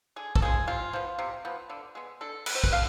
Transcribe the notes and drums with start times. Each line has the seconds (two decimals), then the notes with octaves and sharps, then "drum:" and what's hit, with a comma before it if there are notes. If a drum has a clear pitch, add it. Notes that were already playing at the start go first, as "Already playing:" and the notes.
0.16 D3 G#4
0.35 A4, drum: kick
0.42 F3 G#3 G#4
0.68 C3 F4
0.93 F3 B3
1.19 C3
1.45 F3 B3
1.70 D3
1.95 G#3 B3
2.21 D3 A4
2.46 G#3 B3 B4, drum: cymbal
2.55 C5
2.64 B4, drum: kick
2.72 D3 F5